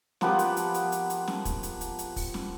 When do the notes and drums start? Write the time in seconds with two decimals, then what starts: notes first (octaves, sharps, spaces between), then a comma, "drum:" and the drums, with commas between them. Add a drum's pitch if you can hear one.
0.21 F3 A#3 B3 G4, drum: snare
0.39 drum: hi-hat
0.57 drum: hi-hat
0.74 drum: hi-hat
0.92 drum: hi-hat
1.10 drum: hi-hat
1.28 drum: snare
1.45 drum: kick, hi-hat
1.63 drum: hi-hat
1.81 drum: hi-hat
1.99 drum: hi-hat
2.16 drum: kick, open hi-hat
2.34 drum: snare